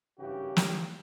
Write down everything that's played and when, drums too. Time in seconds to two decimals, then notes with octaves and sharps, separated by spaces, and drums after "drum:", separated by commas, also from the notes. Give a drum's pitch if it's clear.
0.19 G#1 G2 C#3 E3 F#4 G4
0.57 drum: snare